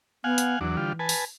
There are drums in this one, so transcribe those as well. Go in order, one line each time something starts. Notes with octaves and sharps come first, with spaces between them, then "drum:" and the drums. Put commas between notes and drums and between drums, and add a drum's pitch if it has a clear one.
B3 F5 F#5 G#5
drum: hi-hat
E2 E3 F#3 D4
D3 G3 F4
B4 G#5 A5
drum: open hi-hat